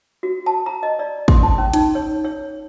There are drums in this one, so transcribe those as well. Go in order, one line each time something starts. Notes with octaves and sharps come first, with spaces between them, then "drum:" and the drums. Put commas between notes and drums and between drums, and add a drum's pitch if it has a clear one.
F#4
A5
A#5
D#5
D5
C6, drum: kick
A5
C#4
D#4, drum: hi-hat
C#5
C#5